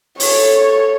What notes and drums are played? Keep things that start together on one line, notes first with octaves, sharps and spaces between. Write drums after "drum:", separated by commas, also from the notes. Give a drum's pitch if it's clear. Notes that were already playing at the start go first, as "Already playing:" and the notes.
A4 C#5, drum: open hi-hat